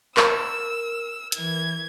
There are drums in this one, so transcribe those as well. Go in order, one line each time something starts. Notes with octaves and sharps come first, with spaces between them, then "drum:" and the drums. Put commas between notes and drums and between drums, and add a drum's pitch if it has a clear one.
A#4 E6, drum: clap
E3 G#6, drum: hi-hat